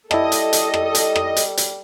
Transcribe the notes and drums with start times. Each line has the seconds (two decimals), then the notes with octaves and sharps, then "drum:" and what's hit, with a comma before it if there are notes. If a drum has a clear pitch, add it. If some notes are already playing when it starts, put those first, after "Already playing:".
0.11 G3 E4 A4 D#5 A5, drum: rim click
0.32 drum: hi-hat
0.53 drum: hi-hat
0.74 drum: rim click
0.95 drum: hi-hat
1.16 drum: rim click
1.37 drum: hi-hat
1.57 drum: hi-hat